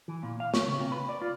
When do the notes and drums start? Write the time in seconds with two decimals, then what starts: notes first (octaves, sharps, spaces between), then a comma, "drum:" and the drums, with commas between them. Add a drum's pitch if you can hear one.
0.08 E3
0.23 A#2
0.40 F5
0.54 C#5, drum: snare
0.66 C#3
0.80 C3
0.92 B4
1.09 D5
1.22 F4